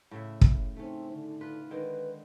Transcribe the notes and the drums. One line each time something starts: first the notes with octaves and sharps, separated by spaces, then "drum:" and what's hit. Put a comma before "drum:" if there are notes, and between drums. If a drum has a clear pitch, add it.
A2 C#3 E5
drum: kick
A3 C4 C#4 D#4
D3
F4 B4
D3 D#3 G#3 B4